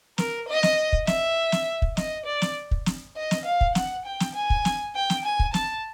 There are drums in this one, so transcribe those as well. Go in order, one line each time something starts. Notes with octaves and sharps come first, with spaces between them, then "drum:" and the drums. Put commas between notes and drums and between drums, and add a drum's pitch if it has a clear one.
A#4, drum: snare
D#5
drum: snare
drum: kick
E5, drum: snare
drum: snare
drum: kick
D#5, drum: snare
D5
drum: snare
drum: kick
drum: snare
D#5
drum: snare
F5
drum: kick
F#5, drum: snare
G5
drum: snare
G#5
drum: kick
drum: snare
G5
drum: snare
G#5
drum: kick
A5, drum: snare